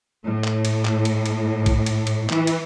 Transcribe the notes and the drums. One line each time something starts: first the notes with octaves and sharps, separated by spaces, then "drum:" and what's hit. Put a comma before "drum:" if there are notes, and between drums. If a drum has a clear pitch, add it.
A2
drum: clap
drum: cymbal
drum: clap
drum: cymbal
drum: cymbal
drum: kick, cymbal
drum: cymbal
drum: cymbal
E3, drum: clap
drum: cymbal